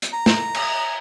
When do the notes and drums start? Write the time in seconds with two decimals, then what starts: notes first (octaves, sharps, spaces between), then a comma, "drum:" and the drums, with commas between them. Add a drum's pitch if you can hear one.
0.02 drum: hi-hat
0.13 A#5
0.26 drum: snare
0.54 drum: cymbal